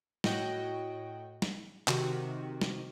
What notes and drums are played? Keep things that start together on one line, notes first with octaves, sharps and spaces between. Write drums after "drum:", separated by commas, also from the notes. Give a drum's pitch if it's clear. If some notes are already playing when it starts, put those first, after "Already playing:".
A2 F#4 D#5 G5 F#6, drum: snare
drum: snare
C3 D#3 F#4, drum: clap
drum: snare